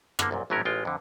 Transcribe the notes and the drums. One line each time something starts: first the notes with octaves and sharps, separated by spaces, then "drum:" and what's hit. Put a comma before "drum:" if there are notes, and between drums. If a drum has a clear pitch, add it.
D3 A#3, drum: rim click
C2 F#2 A#2
G#1 A2 F#3 C#4 A#4
A1 G#3 F4 G5
F2 D3